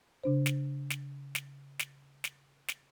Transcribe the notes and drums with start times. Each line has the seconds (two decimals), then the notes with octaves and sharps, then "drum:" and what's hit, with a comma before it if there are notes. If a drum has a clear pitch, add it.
0.24 C#3 D4 C5
0.46 drum: snare
0.90 drum: snare
1.35 drum: snare
1.79 drum: snare
2.24 drum: snare
2.68 drum: snare